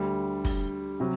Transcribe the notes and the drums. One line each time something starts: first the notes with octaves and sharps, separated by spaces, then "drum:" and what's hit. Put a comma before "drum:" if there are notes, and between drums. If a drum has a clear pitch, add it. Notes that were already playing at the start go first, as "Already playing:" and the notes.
Already playing: D2 D3 G3
drum: kick, open hi-hat
C3 F#3